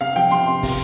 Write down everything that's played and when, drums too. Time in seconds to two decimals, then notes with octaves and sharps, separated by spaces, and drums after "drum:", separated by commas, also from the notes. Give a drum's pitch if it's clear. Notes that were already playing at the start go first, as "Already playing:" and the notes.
0.01 C3 F5
0.16 F3 G5
0.31 C3 C6, drum: hi-hat
0.48 C3
0.63 C3, drum: kick, open hi-hat